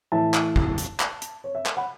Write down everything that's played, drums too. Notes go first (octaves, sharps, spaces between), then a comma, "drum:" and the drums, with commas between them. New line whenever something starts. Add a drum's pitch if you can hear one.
A2 E3 E5 A5
drum: clap
drum: kick
drum: hi-hat
drum: clap
drum: hi-hat
C#5
E5
drum: clap
F#5 B5